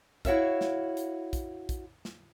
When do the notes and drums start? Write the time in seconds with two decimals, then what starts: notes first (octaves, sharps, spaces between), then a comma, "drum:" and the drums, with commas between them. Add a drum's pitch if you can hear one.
0.25 E4 F#4 C#5 E5 F5, drum: kick, hi-hat
0.61 drum: snare
0.97 drum: hi-hat
1.33 drum: kick, hi-hat
1.69 drum: kick, hi-hat
2.05 drum: snare